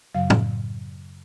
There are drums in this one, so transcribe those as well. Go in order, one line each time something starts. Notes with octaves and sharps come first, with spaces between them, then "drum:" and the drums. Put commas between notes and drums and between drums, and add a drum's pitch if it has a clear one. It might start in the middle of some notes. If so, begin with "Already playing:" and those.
F#2 C#3 F#3 F5
drum: tom A2